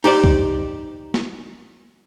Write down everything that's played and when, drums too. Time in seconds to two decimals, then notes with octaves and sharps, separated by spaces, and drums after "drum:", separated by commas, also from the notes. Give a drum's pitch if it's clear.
0.04 D#4 G4 C5 D5, drum: open hi-hat
0.24 drum: kick
1.14 drum: snare